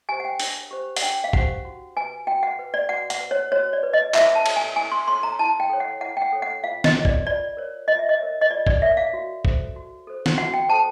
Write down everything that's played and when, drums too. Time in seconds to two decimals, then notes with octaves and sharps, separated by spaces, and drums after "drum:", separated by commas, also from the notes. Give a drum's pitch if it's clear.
0.09 G4 C5 G#5
0.20 F#5
0.25 G5
0.40 D4, drum: open hi-hat
0.71 G4 C5
0.96 F#5, drum: open hi-hat
1.03 D4 G5
1.24 F5
1.33 G4 C5 F#5, drum: kick
1.65 F#4
1.97 B4 G#5
2.27 F#4 G5
2.43 F#5
2.59 B4
2.74 D5
2.89 F#4 F#5
3.10 F#5, drum: hi-hat
3.20 B4
3.31 C#5
3.52 F#4 C#5
3.73 D5
3.83 B4
3.93 D#5
4.14 E4 E5, drum: clap
4.35 A5
4.46 A4 C#5, drum: cymbal
4.56 G#5
4.76 E4 G#5
4.92 C6
5.08 A4 C#5 C6
5.23 A#5
5.39 E4 A5
5.60 G5
5.69 A4 C#5
5.80 F#5
6.01 E4 F#5
6.17 G5
6.22 F#5
6.33 A4 C#5
6.42 F#5
6.64 F4 F5
6.84 D#5, drum: snare
6.95 A#4 C#5
7.05 D5, drum: kick
7.26 F4 D5
7.57 A#4 C#5
7.88 F4 D#5
7.99 E5
8.09 D#5
8.20 A#4 C#5
8.41 D#5
8.51 F4 D5
8.67 D5, drum: kick
8.82 A#4 C#5 E5
8.97 F5
9.13 F#4
9.45 A4 C5, drum: kick
9.76 F#4
10.07 A4 C5
10.26 drum: snare
10.37 F#4 F#5
10.54 G5
10.69 A4 C5 A5